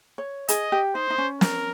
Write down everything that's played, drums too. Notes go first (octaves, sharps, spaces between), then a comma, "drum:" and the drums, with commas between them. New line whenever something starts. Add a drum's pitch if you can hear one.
C#5
G#4 D#5, drum: hi-hat
G4
D#4 C5
D#4
C#4
A#4, drum: snare